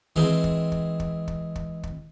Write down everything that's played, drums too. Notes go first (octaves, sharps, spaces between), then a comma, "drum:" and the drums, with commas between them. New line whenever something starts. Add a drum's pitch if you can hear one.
E3 G#3 C4, drum: kick
drum: kick
drum: kick
drum: kick
drum: kick
drum: kick
drum: kick